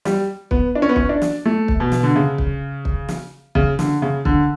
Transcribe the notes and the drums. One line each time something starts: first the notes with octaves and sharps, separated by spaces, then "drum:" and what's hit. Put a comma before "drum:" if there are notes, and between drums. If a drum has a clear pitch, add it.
G3, drum: snare
B3, drum: kick
D4
C#4
B3
C#4, drum: kick
D4
drum: snare
A3
drum: kick
B2
drum: snare
D3
C#3
drum: kick
drum: kick
drum: snare
C#3, drum: kick
D3, drum: snare
C#3
D3, drum: kick